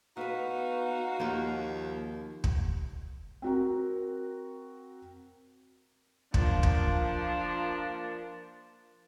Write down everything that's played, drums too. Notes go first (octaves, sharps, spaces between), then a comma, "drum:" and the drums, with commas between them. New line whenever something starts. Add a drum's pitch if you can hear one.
B3 D#4 F#4 B4 F5
D#2 F3 A#3
drum: kick
C4 F#4 A#4
F3 A#3 D4 F4 A#4, drum: kick
drum: kick